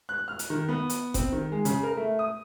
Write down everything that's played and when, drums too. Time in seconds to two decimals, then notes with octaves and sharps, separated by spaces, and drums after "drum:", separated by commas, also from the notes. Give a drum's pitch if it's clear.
0.09 F#6
0.28 F6
0.39 drum: hi-hat
0.50 D#3
0.69 B3
0.90 drum: hi-hat
1.14 C4, drum: kick G1, hi-hat
1.32 D#3
1.52 G#3
1.65 C#3, drum: hi-hat
1.83 A#4
1.97 A3
2.19 D#6